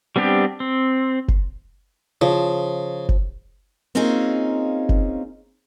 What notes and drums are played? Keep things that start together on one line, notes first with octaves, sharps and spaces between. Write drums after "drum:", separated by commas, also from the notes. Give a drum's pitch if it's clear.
G3 B3 C4 D4 G4
C4
drum: kick F#1
C#3 F3
drum: kick F#1
A#3 C4 C#4 D#4 F4 G#4
drum: kick F#1